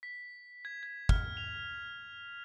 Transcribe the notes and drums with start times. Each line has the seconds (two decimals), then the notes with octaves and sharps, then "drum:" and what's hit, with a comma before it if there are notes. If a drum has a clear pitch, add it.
0.03 B6
0.65 G#6
0.83 G#6
1.09 F6, drum: kick
1.37 F7